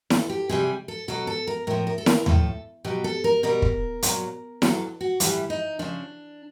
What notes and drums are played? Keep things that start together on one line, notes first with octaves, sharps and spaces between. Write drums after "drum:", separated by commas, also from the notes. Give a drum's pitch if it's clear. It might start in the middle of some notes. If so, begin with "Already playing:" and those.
A4, drum: snare E4
G4
C3 E3 G3 G#4
A4
B2 F#3 A4
A4
A#4
A2 F3 A#4
A#4
A4
A#4, drum: snare E4
A2 F3 A4, drum: tom D#2
B2 F#3 G4
A4
A#4
B2 G3 A#4
drum: kick
A#2 F#3, drum: hi-hat
A#2 F#3 A4, drum: snare E4
F#4
A2 E3 G3 E4, drum: hi-hat
D#4
C#3 F3 D4